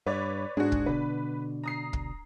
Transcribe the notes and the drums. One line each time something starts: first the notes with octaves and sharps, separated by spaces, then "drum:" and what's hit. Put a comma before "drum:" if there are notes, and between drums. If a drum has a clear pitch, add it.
G2 B4 C#5 D5
G#2 D4 F#4 G#4
drum: kick
B2 D3 B4
A#5 D#6 C7
drum: kick